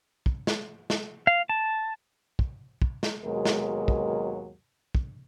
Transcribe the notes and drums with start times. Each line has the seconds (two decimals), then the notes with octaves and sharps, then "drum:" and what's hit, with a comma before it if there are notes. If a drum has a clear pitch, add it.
0.26 drum: kick
0.47 drum: snare
0.90 drum: snare
1.27 F5
1.49 A5
2.39 drum: kick
2.82 drum: kick
3.03 drum: snare
3.24 D#2 B2 F#3 G#3 A#4
3.45 drum: snare
3.88 drum: kick
4.95 drum: kick